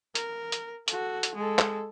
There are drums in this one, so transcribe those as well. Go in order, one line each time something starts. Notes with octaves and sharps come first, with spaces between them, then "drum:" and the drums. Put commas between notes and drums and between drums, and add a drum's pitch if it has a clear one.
A#4, drum: hi-hat
drum: hi-hat
F#4 A4, drum: hi-hat
drum: hi-hat
G#3 A4
drum: clap